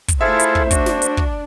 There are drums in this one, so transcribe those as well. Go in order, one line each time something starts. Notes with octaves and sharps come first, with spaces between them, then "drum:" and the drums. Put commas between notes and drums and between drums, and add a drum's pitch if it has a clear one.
drum: kick, hi-hat
A3 E4 F4 G#4 A4 C5 E5
drum: hi-hat
drum: kick
D4 F#4, drum: kick, hi-hat
drum: snare
drum: hi-hat
drum: kick